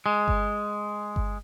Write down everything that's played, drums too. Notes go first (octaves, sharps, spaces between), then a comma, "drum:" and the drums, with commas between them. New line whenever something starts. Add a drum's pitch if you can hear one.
G#3
drum: kick G1
drum: kick G1